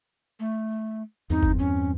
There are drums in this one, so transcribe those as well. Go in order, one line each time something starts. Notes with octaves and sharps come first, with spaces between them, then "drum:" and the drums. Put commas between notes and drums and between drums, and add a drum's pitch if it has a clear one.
A3
E2 G2 C4 D#4
drum: kick F#1
C#4